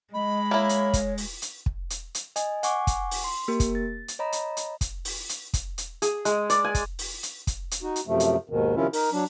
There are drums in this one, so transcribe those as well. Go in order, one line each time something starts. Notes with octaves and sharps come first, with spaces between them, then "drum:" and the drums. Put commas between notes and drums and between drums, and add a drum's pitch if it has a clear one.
G#3 D#5 B5
A#3 E4 C#5
drum: hi-hat
drum: kick, hi-hat
drum: open hi-hat
drum: hi-hat
drum: kick
drum: hi-hat
drum: hi-hat
D#5 G#5, drum: hi-hat
F#5 G#5 C#6 D6, drum: hi-hat
drum: kick, hi-hat
drum: open hi-hat
C6
A#3 G4 A#4
drum: kick, hi-hat
A6
drum: hi-hat
C#5 D#5 A#5 B5
drum: hi-hat
drum: hi-hat
drum: kick, hi-hat
drum: open hi-hat
drum: hi-hat
drum: kick, hi-hat
drum: hi-hat
G#4, drum: hi-hat
G#3, drum: hi-hat
D5, drum: hi-hat
G#5
drum: kick, hi-hat
drum: open hi-hat
drum: hi-hat
drum: kick, hi-hat
drum: hi-hat
D#4 F#4
drum: hi-hat
F#2 C3 F3 A3
drum: hi-hat
D#2 G#2 B2 D#3
C3 D#3 F3 C#4 E4 F4
D#4 A#4, drum: open hi-hat
F#3 D4